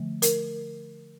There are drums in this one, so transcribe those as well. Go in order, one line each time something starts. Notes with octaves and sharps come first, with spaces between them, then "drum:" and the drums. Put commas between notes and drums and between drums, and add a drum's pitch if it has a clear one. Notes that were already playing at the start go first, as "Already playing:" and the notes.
Already playing: D3 F3 A3
A#4, drum: hi-hat